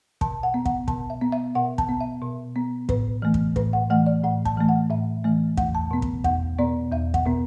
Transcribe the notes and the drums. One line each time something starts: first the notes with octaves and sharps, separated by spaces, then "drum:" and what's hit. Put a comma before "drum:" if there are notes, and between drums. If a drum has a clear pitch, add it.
B2 A5, drum: kick
F#5
B3
F#5, drum: kick
B2 A5, drum: kick
E5
B3
E5
B2 F#5
A5, drum: kick
B3
E5
B2
B3
A2 B4, drum: kick
E3 A3
drum: kick
A2 B4, drum: kick
F#5
E3 A3 F#5
D5
A2 F#5
A5, drum: kick
E3 A3
F#5
A2 E5
E3 A3
E2 F#5, drum: kick
A5
B2 B3
drum: kick
E2 F#5, drum: kick
B2 B3 D5
E2 E5
F#5, drum: kick
B2 B3